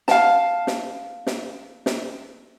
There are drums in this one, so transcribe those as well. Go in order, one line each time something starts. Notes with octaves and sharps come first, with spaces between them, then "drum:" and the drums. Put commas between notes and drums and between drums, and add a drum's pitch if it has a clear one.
F5 A5, drum: snare
drum: snare
drum: snare
drum: snare